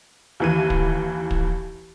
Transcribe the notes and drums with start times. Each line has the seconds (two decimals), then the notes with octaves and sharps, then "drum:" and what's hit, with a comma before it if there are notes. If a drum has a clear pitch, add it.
0.40 D#2 E3 D#7
0.70 drum: kick
1.31 drum: kick